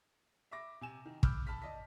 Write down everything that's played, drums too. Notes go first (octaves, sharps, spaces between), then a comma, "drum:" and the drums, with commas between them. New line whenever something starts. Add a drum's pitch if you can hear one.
E5 B5 D6 A#6
C3 G#5 E7
D#3
B5 D6 E6 F6 G6, drum: kick
A5 B5 F6 B6
D5 D#5 A5 B6